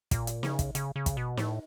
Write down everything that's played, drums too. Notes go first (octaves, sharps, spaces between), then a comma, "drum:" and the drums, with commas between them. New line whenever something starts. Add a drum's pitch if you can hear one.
A#2, drum: kick, hi-hat
drum: hi-hat
C#3, drum: snare
drum: kick, hi-hat
C#3, drum: hi-hat
C#3
drum: kick, hi-hat
B2
A2, drum: snare